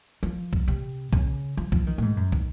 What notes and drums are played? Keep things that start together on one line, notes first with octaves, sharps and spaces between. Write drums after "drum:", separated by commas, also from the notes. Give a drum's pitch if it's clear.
F3
drum: kick
C3
C#3, drum: kick
F3
F3, drum: kick
D#3
A#2
G#2
F#2
D#3, drum: kick